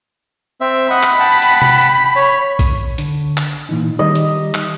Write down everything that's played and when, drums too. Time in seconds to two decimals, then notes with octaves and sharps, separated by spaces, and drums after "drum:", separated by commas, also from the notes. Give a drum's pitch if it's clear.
0.61 C4 E5
0.90 D#5 F#5 B5
1.03 drum: clap
1.19 F#5 G5 A5
1.42 drum: hi-hat
1.62 drum: tom C3
1.81 drum: hi-hat
2.16 C#5
2.59 drum: kick, hi-hat
2.98 D3, drum: hi-hat
3.37 drum: clap
3.69 A#2 E3 D#4
3.99 D#3 G3 D#5
4.15 drum: hi-hat
4.54 drum: clap